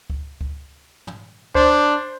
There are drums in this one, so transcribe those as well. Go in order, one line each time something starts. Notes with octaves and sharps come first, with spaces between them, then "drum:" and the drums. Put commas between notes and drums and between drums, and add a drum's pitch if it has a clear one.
drum: kick C#2
drum: kick C#2
drum: tom
D4 C5, drum: kick C#2